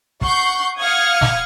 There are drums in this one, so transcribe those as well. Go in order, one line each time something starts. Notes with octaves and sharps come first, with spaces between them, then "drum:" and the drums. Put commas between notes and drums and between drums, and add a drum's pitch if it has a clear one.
F#5 C#6 G6 C7, drum: kick
F5 F#5 D#6 F6 G#6 C#7
drum: snare